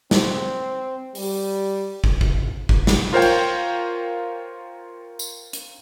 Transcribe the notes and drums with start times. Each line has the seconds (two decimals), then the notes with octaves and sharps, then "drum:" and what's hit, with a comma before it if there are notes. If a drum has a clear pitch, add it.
0.11 C4, drum: snare
1.15 G3, drum: open hi-hat
2.04 drum: kick
2.21 drum: kick
2.69 drum: kick
2.87 drum: snare
3.13 F4 A#4 C5 C#5 F5 G5
3.22 drum: cymbal
5.19 drum: tambourine
5.53 drum: hi-hat